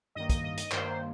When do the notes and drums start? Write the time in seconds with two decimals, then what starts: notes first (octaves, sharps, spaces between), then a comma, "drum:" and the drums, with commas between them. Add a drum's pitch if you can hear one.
0.15 G2 D#3 A#3 D#5
0.29 D#5, drum: kick, hi-hat
0.44 D#5
0.57 D#5, drum: hi-hat
0.71 G2 D#3 A#3 C5, drum: clap